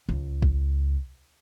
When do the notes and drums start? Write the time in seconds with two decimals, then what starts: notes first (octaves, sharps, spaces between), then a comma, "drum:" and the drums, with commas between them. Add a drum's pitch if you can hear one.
0.09 C#2
0.42 drum: kick